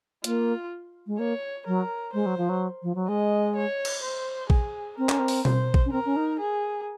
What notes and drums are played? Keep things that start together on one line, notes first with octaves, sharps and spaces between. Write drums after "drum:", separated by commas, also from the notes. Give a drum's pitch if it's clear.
A#3 F4, drum: hi-hat
G#3
A#3 C#5
F#3 A#4
G#3 C5
F#3
F3
F#3
F3
F#3
G#3 D#5
C#5
drum: cymbal
C5
G#4, drum: kick A#1
C4 A#4
C#4, drum: clap
C4
drum: open hi-hat
C5, drum: tom B2
drum: kick A#1
C#4
C4 A#4
C#4
D#4
G#4